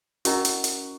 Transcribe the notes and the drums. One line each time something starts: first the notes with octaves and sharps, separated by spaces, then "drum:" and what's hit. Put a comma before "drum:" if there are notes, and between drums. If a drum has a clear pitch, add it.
C#4 E4 F#4 A#4 D#5 A#5, drum: hi-hat
drum: hi-hat
drum: hi-hat